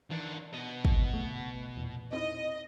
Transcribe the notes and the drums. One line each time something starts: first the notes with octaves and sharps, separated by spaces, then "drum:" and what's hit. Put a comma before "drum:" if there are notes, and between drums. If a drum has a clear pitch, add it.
D#3 E3 D4
B2 D#5 D#7
drum: kick
C#3 A3
E2 A#2
C4 D#4 E4 D#5